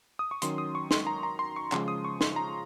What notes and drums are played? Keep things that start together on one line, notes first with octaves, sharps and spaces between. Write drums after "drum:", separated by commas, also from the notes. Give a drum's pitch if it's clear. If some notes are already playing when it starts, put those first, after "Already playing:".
D#6
C#6
D#3 F#3 C#4 C6, drum: hi-hat
D#6
C#6
C6, drum: snare
A#5
A#5
C6
C#6
C#3 F3 G#3 C6, drum: clap
D#6
C#6
C6, drum: snare
A#5